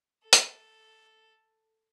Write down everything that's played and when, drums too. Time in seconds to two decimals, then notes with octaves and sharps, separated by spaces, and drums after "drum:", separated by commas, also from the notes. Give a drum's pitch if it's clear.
0.23 A4
0.33 drum: hi-hat